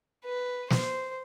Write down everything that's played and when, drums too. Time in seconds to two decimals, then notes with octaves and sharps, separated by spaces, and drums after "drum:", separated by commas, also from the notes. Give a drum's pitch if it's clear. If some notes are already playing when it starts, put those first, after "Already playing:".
0.24 B4
0.70 C5, drum: snare